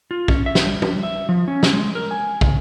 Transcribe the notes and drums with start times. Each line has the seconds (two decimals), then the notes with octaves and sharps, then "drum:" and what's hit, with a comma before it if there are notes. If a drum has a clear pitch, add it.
0.11 F4
0.28 C#4, drum: kick
0.46 E5
0.55 drum: snare
0.67 G3
0.82 drum: tom
1.03 E5
1.29 F3
1.48 C#4
1.63 drum: snare
1.73 G#3
1.95 A#4
2.11 G#5
2.41 C#3, drum: kick